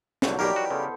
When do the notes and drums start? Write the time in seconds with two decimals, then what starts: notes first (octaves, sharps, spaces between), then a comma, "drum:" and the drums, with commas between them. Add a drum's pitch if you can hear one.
0.22 C2 D3 F3 F#3 D#4, drum: snare
0.39 B1 G3 A#3 G4 A#4
0.56 E4 F#4 B4
0.70 C#3 B3 A4 C5